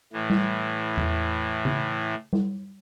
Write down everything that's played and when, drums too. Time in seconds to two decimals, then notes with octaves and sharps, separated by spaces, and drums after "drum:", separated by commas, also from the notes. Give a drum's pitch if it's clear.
0.13 A2 E3
0.30 drum: tom G3
0.97 drum: tom E2
1.65 drum: tom C#3
2.33 drum: tom G3